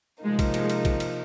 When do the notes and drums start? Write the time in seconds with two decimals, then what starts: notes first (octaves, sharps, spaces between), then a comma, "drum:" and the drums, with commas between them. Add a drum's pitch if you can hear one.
0.23 C3 F3 G#3 A#3 D#4
0.39 drum: kick, cymbal
0.54 G#3, drum: cymbal
0.70 drum: cymbal
0.85 drum: kick, cymbal
1.00 drum: cymbal